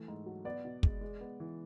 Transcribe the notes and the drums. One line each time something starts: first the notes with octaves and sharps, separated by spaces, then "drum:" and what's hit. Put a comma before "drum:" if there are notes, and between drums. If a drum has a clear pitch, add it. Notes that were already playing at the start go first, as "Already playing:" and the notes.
Already playing: E3 A3
G#2
F#3
B3 D5
B2
G#3, drum: kick
G#3
B3
E3